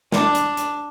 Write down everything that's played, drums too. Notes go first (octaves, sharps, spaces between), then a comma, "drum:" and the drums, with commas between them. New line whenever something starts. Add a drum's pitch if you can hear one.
D4, drum: snare
drum: hi-hat
drum: hi-hat